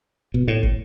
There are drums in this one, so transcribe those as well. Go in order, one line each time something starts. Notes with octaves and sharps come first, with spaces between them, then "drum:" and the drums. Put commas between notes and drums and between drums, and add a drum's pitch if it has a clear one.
B2
A2
drum: kick